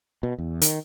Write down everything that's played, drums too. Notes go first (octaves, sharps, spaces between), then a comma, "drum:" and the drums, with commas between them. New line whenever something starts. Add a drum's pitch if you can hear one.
B2
E2
D#3, drum: hi-hat